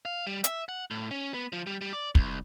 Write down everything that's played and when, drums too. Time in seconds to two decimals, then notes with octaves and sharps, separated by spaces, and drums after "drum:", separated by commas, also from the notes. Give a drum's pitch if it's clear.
0.05 F5
0.27 G3
0.44 E5, drum: hi-hat
0.69 F#5
0.91 A2
1.11 C#4
1.34 B3
1.53 F3
1.67 G3
1.81 G3
1.93 D5
2.15 C2, drum: kick